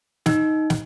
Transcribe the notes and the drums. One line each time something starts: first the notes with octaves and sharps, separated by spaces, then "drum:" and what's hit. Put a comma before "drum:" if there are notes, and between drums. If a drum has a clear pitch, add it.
D#4, drum: snare
drum: snare